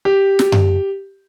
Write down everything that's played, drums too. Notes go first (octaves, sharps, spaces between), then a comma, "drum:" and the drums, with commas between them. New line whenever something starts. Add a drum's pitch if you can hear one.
G4
drum: snare
drum: tom F#2